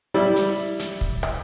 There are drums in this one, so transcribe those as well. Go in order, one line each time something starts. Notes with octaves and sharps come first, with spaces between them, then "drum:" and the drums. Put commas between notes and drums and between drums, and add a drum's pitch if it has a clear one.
G3 E4
drum: hi-hat
drum: hi-hat
drum: kick
drum: rim click